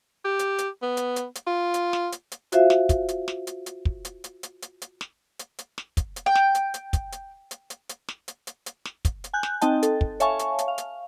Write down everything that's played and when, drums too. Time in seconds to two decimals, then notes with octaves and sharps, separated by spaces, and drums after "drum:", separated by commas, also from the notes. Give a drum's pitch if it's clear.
0.25 G4
0.39 drum: hi-hat
0.58 drum: hi-hat
0.82 B3
0.97 drum: hi-hat
1.16 drum: hi-hat
1.35 drum: hi-hat
1.47 F4
1.74 drum: hi-hat
1.93 drum: snare
2.12 drum: hi-hat
2.32 drum: hi-hat
2.52 F4 F#4 C5 E5 F5, drum: hi-hat
2.70 drum: snare
2.89 drum: kick, hi-hat
3.08 drum: hi-hat
3.28 drum: snare
3.47 drum: hi-hat
3.66 drum: hi-hat
3.85 drum: kick
4.05 drum: hi-hat
4.24 drum: hi-hat
4.43 drum: hi-hat
4.62 drum: hi-hat
4.82 drum: hi-hat
5.01 drum: snare
5.39 drum: hi-hat
5.58 drum: hi-hat
5.78 drum: snare
5.97 drum: kick, hi-hat
6.16 drum: hi-hat
6.26 G5
6.35 drum: snare
6.55 drum: hi-hat
6.74 drum: hi-hat
6.93 drum: kick, hi-hat
7.12 drum: hi-hat
7.51 drum: hi-hat
7.70 drum: hi-hat
7.89 drum: hi-hat
8.08 drum: snare
8.28 drum: hi-hat
8.47 drum: hi-hat
8.66 drum: hi-hat
8.85 drum: snare
9.05 drum: kick, hi-hat
9.24 drum: hi-hat
9.33 G#5 F#6 G6
9.43 drum: snare
9.61 C4 D#4 D#5 G5 A5, drum: hi-hat
9.83 A4, drum: hi-hat
10.01 drum: kick
10.20 C#5 E5 F5 G#5 A5 C#6, drum: hi-hat
10.39 drum: hi-hat
10.59 drum: hi-hat
10.68 F5
10.78 drum: hi-hat